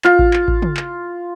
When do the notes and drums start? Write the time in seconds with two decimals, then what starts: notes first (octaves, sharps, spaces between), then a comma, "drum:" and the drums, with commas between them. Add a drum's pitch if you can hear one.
0.05 F4, drum: clap
0.19 drum: kick A1
0.33 drum: clap
0.48 drum: kick A1
0.62 drum: tom
0.77 drum: clap